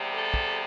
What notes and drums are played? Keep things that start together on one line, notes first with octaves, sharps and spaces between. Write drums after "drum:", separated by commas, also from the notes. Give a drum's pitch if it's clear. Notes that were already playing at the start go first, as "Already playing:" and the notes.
Already playing: E2 C3 G3
A4
drum: kick